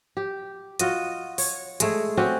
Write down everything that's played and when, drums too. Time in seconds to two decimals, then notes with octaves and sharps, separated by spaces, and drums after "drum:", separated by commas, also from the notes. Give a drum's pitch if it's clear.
0.17 G4
0.79 F4 F#4 D#5, drum: hi-hat
1.38 C#5, drum: open hi-hat
1.80 G#3 A3 G#4, drum: hi-hat
2.17 C4 C#4 F#4 G4